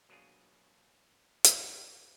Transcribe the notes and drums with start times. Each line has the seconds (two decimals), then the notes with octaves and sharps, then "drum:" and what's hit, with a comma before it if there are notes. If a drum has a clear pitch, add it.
0.09 B2 F#3 A#3 D4 F4 G#4
1.44 drum: hi-hat